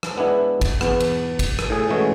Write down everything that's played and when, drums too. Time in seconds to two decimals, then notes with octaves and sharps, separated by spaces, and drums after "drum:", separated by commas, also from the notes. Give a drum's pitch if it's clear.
0.03 drum: rim click
0.16 G#3 B3 D4 E4
0.61 drum: kick, cymbal
0.81 E2 B3, drum: rim click
1.00 drum: cymbal
1.39 drum: kick, cymbal
1.59 drum: rim click
1.70 A2 G#4
1.90 E3 G#3 A3 C#4 F#4 C#5